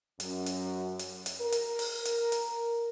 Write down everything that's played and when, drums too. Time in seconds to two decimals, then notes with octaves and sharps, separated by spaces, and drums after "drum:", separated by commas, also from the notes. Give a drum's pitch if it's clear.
0.20 F#2, drum: hi-hat
0.46 drum: hi-hat
0.99 drum: hi-hat
1.26 drum: hi-hat
1.41 A#4
1.52 drum: hi-hat
1.79 drum: open hi-hat
2.05 drum: hi-hat
2.32 drum: hi-hat